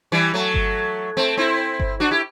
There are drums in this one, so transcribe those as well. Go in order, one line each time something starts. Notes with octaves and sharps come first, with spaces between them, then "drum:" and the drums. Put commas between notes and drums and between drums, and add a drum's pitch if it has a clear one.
E3 G3
F#3 A3
drum: kick G1
A3 C4
C4 E4
drum: kick G1
D4 F#4
E4 G4